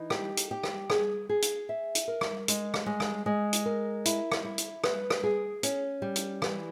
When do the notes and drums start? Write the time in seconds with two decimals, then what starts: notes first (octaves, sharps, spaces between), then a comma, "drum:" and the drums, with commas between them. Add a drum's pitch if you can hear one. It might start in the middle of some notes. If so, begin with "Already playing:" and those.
Already playing: E3 D#4
0.10 G4, drum: rim click
0.37 drum: hi-hat
0.51 G4
0.63 drum: rim click
0.90 G#4, drum: rim click
1.29 G#4
1.42 drum: hi-hat
1.69 E5
1.95 drum: hi-hat
2.08 A#4
2.21 drum: rim click
2.48 G#3, drum: hi-hat
2.74 drum: rim click
2.86 G#3
3.00 drum: rim click
3.26 G#3
3.53 drum: hi-hat
3.66 A#4
4.05 E4, drum: hi-hat
4.32 drum: rim click
4.45 E4
4.58 drum: hi-hat
4.84 B4, drum: rim click
5.10 drum: rim click
5.24 G#4
5.63 C#4, drum: hi-hat
6.02 G3
6.16 drum: hi-hat
6.42 E3, drum: rim click